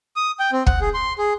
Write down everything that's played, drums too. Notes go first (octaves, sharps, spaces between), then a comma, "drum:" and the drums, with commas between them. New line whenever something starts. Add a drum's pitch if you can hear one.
D#6
G5
C4
F#5, drum: kick
G#4
C6
G#4